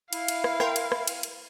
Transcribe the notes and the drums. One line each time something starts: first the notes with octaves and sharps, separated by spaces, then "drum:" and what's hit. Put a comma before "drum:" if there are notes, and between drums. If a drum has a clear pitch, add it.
E4 F5, drum: cymbal
drum: cymbal
drum: rim click
A#4 G5 C6, drum: rim click
drum: cymbal
drum: rim click
drum: cymbal
drum: cymbal